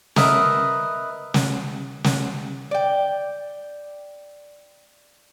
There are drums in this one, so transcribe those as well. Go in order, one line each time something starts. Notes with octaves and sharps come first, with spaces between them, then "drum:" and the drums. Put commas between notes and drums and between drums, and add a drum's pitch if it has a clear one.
A#4 B4 D#5 E5, drum: snare
drum: snare
drum: snare
D5 G5